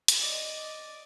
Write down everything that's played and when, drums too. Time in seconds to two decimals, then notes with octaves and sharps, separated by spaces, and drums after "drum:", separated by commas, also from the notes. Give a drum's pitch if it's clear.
0.08 drum: hi-hat
0.20 D5 D#5